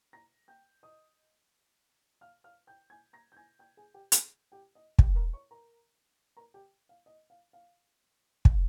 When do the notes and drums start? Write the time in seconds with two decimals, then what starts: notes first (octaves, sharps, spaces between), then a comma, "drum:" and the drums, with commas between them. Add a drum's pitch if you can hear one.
0.13 A#5 A#6
0.48 G5 G6
0.83 D#5 D#6
2.21 F5 F6
2.44 F5 F6
2.67 G5 G6
2.90 G#5 G#6
3.13 A#5 A#6
3.32 G6
3.37 G#5 G#6
3.59 G5 G6
3.77 G#4 G#5
3.94 G4 G5
4.12 G#4 G#5, drum: hi-hat
4.52 G4 G5
4.75 D#5
4.99 G4 G5, drum: kick
5.15 A#4 A#5
5.33 C#5 C#6
5.51 A#4 A#5
6.37 A#4 A#5
6.54 G4 G5
6.89 F5
7.06 D#5
7.30 F5
7.53 F5
8.45 F5, drum: kick